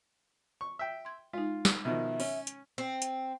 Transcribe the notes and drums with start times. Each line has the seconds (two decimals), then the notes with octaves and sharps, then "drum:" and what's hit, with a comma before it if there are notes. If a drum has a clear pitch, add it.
0.61 C#6
0.79 E5 G5
1.05 C6 G#6
1.33 G#3 D#4 F4
1.65 drum: snare
1.85 B2 D#3 F3 E5
2.20 C#4, drum: open hi-hat
2.47 drum: hi-hat
2.78 C4
3.02 drum: hi-hat